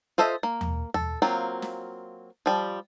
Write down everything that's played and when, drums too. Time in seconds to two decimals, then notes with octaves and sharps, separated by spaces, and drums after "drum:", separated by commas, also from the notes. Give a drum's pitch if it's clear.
0.18 F4 A4 C5 D#5 E5
0.43 A#3
0.61 drum: tom D#2
0.94 A4, drum: tom D#2
1.22 F#3 A#3 C4 F4
1.62 drum: snare
2.46 F3 G3